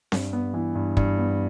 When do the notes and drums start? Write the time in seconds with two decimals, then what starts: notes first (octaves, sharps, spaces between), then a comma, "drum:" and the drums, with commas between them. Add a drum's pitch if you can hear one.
0.12 G2, drum: snare C4
0.33 B3
0.54 E3
0.75 G2
0.97 G2, drum: kick
1.18 B3